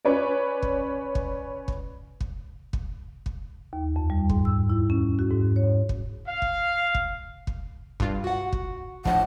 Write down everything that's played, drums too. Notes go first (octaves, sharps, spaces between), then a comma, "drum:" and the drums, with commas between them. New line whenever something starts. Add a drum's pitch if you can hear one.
C#4 B4 C#5 D5
drum: kick
drum: kick
drum: kick
drum: kick
drum: kick
drum: kick
D#2
F2
G3
G#2, drum: kick
E6
E4
C#4
F#4
G#2
C#5
drum: kick
F5
drum: kick
drum: kick
drum: kick
G2 F4, drum: kick
F#4 F#5
drum: kick
A2 F3 D4 C5 D#5 F#5, drum: kick